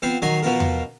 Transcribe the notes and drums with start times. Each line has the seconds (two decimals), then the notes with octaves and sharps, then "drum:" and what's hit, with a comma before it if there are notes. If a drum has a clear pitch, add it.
0.02 B3 C4 F4 C5
0.22 D#3 F#3 D#5 G#5 C6
0.42 B2 F3 B3 F4 A#4
0.60 drum: tom E2